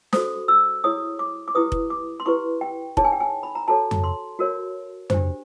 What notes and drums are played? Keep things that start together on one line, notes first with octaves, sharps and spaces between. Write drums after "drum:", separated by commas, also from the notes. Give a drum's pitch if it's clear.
F#4 A4 C5 D#6, drum: snare
E6
E4 G#4 C#5 D#6
D6
D6
E4 G4 B4 D#6
drum: kick F1
D6
C6
E4 G4 B4 C#6
G5
D#4 G#4 C#5 A5, drum: kick F1
G#5
G5
G#5
B5
A#5
F#4 A4 C#5 A5
drum: tom F2
C6
F#4 A#4 C#5
D4 G4 C5, drum: tom F2